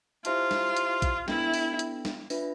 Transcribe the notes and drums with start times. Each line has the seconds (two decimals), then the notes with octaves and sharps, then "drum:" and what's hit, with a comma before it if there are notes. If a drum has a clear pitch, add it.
0.25 E4 F4 G4 C5 E5 A5, drum: hi-hat
0.51 drum: snare
0.77 drum: hi-hat
1.02 drum: kick A#1, hi-hat
1.28 B3 D4 E4 A4 E5 G5, drum: snare
1.54 drum: open hi-hat
1.79 drum: hi-hat
2.05 drum: snare
2.30 D4 F4 B4 E5, drum: open hi-hat